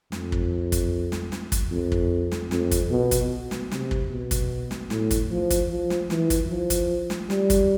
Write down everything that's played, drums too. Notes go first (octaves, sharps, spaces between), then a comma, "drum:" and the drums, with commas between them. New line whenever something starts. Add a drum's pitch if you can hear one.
F2, drum: snare
drum: kick
drum: kick, hi-hat
drum: snare
drum: snare
drum: kick, hi-hat
F2
drum: kick
drum: snare
F2, drum: snare
drum: kick, hi-hat
B2
drum: kick, hi-hat
drum: snare
C3, drum: snare
drum: kick
B2
drum: kick, hi-hat
drum: snare
A2, drum: snare
drum: kick, hi-hat
F3
drum: kick, hi-hat
F3
drum: snare
E3, drum: snare
drum: kick, hi-hat
F3
drum: kick, hi-hat
drum: snare
G3, drum: snare
drum: kick, hi-hat